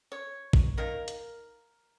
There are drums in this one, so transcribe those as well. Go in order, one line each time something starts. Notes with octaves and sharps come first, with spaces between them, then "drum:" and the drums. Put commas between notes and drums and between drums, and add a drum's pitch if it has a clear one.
C#5
drum: kick
D#3 A#3 A#4
drum: hi-hat